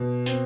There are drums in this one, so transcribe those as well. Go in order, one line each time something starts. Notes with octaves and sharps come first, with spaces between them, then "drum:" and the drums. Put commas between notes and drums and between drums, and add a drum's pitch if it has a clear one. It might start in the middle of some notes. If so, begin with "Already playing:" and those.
Already playing: B2
C4, drum: hi-hat